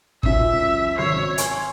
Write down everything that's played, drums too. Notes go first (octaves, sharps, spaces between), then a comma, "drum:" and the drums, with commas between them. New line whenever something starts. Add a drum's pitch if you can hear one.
C#2 F#2 E5, drum: kick
G#1 C#5 E6 C7
G#5 C6 G#6, drum: hi-hat